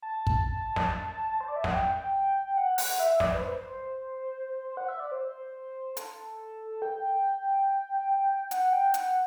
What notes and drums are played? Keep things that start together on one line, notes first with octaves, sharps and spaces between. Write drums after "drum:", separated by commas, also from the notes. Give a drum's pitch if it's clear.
A5
drum: kick
drum: snare
C5
D5
E5
F#5, drum: snare
G5
F#5
F#5, drum: open hi-hat
E5
D5, drum: snare
B4
C5
F#5
E5
D5
C5
A4, drum: hi-hat
G5
F#5, drum: hi-hat
G5
F#5, drum: hi-hat